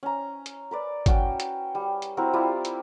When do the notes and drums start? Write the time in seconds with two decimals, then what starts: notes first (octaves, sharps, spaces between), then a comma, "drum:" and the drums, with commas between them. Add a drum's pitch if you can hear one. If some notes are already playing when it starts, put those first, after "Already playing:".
0.03 C#4 A#5
0.46 drum: hi-hat
0.71 A#4 B4 D5
1.06 C#4 F#4 G5, drum: kick G#1, hi-hat
1.40 drum: hi-hat
1.75 G3
2.02 drum: hi-hat
2.17 C4 E4 F#4 A#4
2.33 G3 E4 F4 G4
2.65 drum: hi-hat